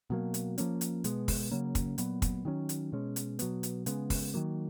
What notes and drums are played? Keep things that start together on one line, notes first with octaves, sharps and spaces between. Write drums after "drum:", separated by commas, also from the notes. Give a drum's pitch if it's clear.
B2 F#3 A#3
drum: hi-hat
F3 A#3 C#4, drum: hi-hat
drum: hi-hat
B2 G#3 B3, drum: hi-hat
drum: kick, open hi-hat
C#3 F#3 A#3 C#4
drum: kick, hi-hat
A#2 F#3 B3, drum: hi-hat
drum: kick, hi-hat
D#3 F#3 C#4
drum: hi-hat
B2 G#3 C#4
drum: hi-hat
B2 F#3 B3, drum: hi-hat
drum: hi-hat
C#3 G#3 B3, drum: hi-hat
drum: kick, open hi-hat
D#3 F#3 A#3